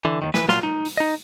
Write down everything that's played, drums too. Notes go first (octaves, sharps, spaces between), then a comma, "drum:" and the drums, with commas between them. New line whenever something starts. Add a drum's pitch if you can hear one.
D3 E3
D#2 G#2 D#3
E3 B4, drum: snare
A#2 F#3 F4 F5 C6, drum: snare
D#4
drum: open hi-hat
D#4 D#5